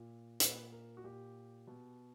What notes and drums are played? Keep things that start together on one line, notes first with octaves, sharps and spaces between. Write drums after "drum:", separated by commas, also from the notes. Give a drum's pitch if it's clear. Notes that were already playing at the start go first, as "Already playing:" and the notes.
Already playing: A#2
A#2 B4, drum: hi-hat
A#4
F#4
A#2 G4
B2